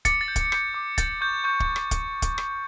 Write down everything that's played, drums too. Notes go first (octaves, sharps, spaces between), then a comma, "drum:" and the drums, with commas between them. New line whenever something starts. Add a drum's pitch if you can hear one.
D6 A6 C#7, drum: kick, hi-hat
A6
G6
A6, drum: kick, hi-hat
G6, drum: rim click
D6
G6 A6, drum: kick, hi-hat
C#6 G6
C#6 G6
drum: kick
drum: rim click
drum: kick, hi-hat
drum: kick, hi-hat
drum: rim click